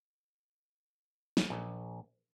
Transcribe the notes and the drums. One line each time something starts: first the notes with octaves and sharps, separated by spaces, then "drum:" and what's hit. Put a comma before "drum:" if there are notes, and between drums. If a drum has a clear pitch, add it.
drum: snare
A#1